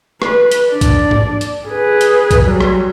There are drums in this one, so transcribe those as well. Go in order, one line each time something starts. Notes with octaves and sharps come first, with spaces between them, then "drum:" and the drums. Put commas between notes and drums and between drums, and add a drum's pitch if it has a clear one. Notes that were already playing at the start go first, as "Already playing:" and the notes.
B4, drum: rim click
drum: hi-hat
D4 D5
drum: kick, hi-hat
drum: tom G#2
drum: hi-hat
G#4 B4
drum: hi-hat
drum: kick, hi-hat
F#3 G3
drum: rim click